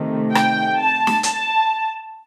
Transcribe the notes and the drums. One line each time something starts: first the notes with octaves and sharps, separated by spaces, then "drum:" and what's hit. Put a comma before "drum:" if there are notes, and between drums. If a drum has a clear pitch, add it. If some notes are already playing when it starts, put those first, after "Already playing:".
Already playing: C3 D#3 A3
G5, drum: rim click
A5
drum: snare
A5, drum: hi-hat